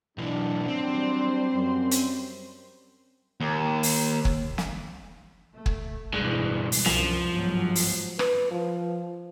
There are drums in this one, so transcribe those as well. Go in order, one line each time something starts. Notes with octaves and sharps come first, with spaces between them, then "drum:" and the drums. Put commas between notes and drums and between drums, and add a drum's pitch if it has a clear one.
B1 E3 F#3 D4
G3 C4 C5 C6
F#2 C#4
drum: hi-hat
D#2
drum: open hi-hat
drum: kick
drum: snare
A3
drum: kick
D2 G2 B2 E3 G#3
drum: open hi-hat
C2 F#2 F3, drum: snare
G1 G#2 F#3
drum: open hi-hat
B4, drum: rim click
F3